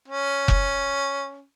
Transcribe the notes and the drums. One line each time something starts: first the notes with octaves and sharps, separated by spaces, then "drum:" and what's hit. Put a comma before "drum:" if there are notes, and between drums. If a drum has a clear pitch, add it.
C#4
drum: kick F1